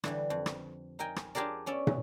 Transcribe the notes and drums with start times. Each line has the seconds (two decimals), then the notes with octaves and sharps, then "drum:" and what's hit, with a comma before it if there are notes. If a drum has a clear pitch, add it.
0.04 D3 E3 G3, drum: rim click
0.30 F2
0.46 drum: rim click
0.99 D#4 A#4 G5 G#5
1.16 drum: rim click
1.35 D4 F4 G4 G#4 A#4 D5
1.66 B3 C#4 D5 E5
1.87 drum: tom